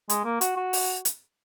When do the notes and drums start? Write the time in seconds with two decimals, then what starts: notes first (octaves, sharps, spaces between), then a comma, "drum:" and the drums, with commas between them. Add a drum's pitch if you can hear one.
0.09 G#3, drum: hi-hat
0.25 A#3
0.41 F#4, drum: hi-hat
0.57 F#4
0.73 drum: open hi-hat
1.05 drum: hi-hat